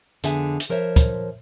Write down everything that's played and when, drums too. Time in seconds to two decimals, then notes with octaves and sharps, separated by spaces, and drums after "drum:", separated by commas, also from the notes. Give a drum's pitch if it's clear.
0.24 F2 D3 B3 G#4 E5 G#5, drum: hi-hat
0.60 drum: hi-hat
0.70 F3 A#4 C5 C#5 D#5 E5
0.96 drum: kick, hi-hat